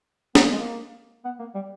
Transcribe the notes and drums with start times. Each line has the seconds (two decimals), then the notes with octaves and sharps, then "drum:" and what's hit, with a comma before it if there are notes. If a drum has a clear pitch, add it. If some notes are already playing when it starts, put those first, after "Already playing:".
0.35 B3, drum: snare
0.43 A#3
0.51 G#3
0.59 A#3
1.25 B3
1.39 A#3
1.55 G3